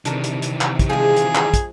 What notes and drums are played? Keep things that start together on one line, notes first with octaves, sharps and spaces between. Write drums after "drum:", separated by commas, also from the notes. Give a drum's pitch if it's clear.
C3 D#3 E3 D4 A#4, drum: hi-hat
drum: hi-hat
drum: hi-hat
drum: clap
drum: kick, hi-hat
F3 G#3 G#4
drum: hi-hat
drum: clap
drum: kick, hi-hat